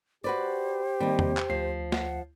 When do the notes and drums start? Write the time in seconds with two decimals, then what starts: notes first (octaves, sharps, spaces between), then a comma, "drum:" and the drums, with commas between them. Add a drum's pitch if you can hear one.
0.24 F#4 G4 B4 C5 D5
1.00 D#3 G3 A#3 C4 D#4
1.19 drum: tom E2
1.37 drum: clap
1.50 D2 F3 C7
1.92 F#5, drum: snare